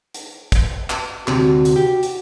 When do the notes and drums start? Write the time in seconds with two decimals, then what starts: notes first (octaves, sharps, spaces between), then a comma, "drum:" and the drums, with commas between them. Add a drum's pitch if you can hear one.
0.14 drum: hi-hat
0.52 drum: kick, hi-hat
0.90 drum: clap
1.27 D2 C3 F#4, drum: clap
1.65 drum: hi-hat
1.76 G4
2.03 drum: hi-hat